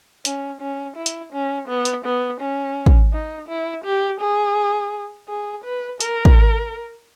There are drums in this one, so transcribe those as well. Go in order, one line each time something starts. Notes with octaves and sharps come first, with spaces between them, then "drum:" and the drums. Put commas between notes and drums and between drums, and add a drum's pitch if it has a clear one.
C#4, drum: hi-hat
C#4
E4
drum: hi-hat
C#4
B3
drum: hi-hat
B3
C#4
drum: kick
D#4
E4
G4
G#4
G#4
B4
A#4, drum: hi-hat
drum: kick